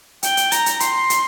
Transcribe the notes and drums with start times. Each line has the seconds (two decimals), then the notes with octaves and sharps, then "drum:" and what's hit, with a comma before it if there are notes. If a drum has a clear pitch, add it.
0.23 G5, drum: hi-hat
0.37 drum: hi-hat
0.52 A#5, drum: hi-hat
0.66 drum: hi-hat
0.80 C6, drum: hi-hat
1.10 drum: hi-hat